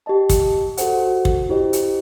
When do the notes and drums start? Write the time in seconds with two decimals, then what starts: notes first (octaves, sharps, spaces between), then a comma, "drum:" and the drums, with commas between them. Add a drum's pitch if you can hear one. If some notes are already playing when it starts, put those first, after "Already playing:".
0.06 G4 D#5 A5
0.29 drum: kick, hi-hat
0.77 F#4 A4 C5 F#5, drum: hi-hat
1.25 drum: kick
1.49 E4 G4 C5 D#5
1.73 drum: hi-hat